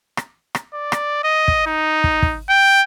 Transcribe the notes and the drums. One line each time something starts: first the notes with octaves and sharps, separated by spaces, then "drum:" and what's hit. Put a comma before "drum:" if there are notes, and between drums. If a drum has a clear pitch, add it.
drum: rim click
drum: rim click
D5
drum: rim click
D#5
drum: kick
D#4
drum: kick
drum: kick
G5